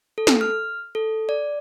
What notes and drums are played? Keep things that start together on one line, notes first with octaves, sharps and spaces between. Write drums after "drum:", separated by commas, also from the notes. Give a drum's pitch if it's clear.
A4
drum: snare
F6
A4
D5